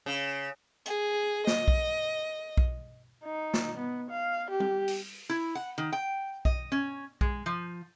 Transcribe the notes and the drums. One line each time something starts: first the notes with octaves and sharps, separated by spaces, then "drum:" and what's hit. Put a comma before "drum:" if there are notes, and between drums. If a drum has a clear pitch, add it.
C#3
G#4, drum: tambourine
D#5, drum: snare A#3
drum: kick B1
drum: kick B1
D#4
drum: snare A#3
B3
F5
G4
drum: tom G3
drum: open hi-hat
E4
F#5
D#3
G5
D#5, drum: kick B1
C#4
G#3, drum: kick B1
F3